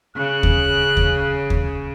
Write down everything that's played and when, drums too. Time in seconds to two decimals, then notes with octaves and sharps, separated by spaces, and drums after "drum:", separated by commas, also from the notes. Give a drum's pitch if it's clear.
0.16 C#3 F#6
0.43 drum: kick
0.97 drum: kick
1.50 drum: kick